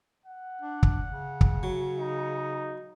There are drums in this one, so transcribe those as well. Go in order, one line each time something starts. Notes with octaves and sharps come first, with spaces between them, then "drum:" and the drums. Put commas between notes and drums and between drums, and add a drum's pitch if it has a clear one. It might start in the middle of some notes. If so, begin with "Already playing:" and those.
F#5
D4
drum: kick
C#3
drum: kick
F#3
D#4